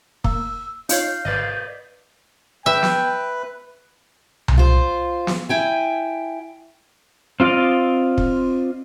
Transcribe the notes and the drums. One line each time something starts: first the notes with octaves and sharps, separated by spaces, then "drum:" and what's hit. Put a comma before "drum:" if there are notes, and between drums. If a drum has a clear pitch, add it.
A#3 E6, drum: kick
D#4 F4 C#5 F5 G6, drum: hi-hat
G#1 B4 D5 D#5
B4 E5 G5
drum: snare
drum: tom C2
F4 C5
drum: snare
E4 G5 G#5
C4 F4 D5 D#5 F5
drum: kick